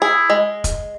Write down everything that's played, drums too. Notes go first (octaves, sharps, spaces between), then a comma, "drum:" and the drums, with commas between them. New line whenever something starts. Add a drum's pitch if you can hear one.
E4 G#4
G#3
drum: kick, hi-hat